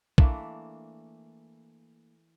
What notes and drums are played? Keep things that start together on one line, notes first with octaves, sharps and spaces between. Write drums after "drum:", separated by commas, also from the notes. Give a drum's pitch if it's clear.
E3 A3 A#3 D4, drum: kick